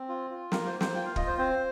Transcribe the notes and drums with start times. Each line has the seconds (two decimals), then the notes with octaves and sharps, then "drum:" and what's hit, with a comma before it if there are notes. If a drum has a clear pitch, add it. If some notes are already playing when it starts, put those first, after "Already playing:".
Already playing: C4
0.09 F4
0.30 F4
0.52 A#3 A#4, drum: snare
0.66 C5
0.74 A#3
0.81 C5, drum: snare
0.95 F4 G5
1.05 F5
1.16 F4 D#5, drum: kick
1.27 C5
1.38 C4 C5